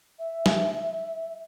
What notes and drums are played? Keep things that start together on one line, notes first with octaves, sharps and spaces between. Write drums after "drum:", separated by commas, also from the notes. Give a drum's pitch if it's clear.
E5
drum: snare